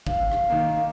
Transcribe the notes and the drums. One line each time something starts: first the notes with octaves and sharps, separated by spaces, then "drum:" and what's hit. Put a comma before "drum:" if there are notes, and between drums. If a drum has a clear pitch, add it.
F5, drum: kick
drum: rim click
D#3 A#3